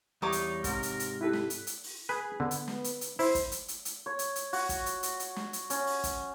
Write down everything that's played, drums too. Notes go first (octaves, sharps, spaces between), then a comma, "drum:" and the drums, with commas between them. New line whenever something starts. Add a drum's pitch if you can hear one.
E2 G3 D#4 C#5 D6 D#6
drum: hi-hat
G#2 C3 A#4, drum: kick, hi-hat
drum: hi-hat
drum: hi-hat
E4 G4 A4 B4
drum: snare
drum: hi-hat
drum: hi-hat
drum: open hi-hat
G#4 B4
D3 B3
drum: hi-hat
drum: snare
drum: hi-hat
drum: hi-hat
E4 C5, drum: open hi-hat
drum: kick, hi-hat
drum: hi-hat
drum: hi-hat
drum: hi-hat
C#5
drum: hi-hat
drum: hi-hat
F#4, drum: open hi-hat
drum: kick, hi-hat
drum: hi-hat
drum: hi-hat
drum: hi-hat
drum: snare
drum: hi-hat
C#4, drum: hi-hat
drum: open hi-hat
drum: kick, hi-hat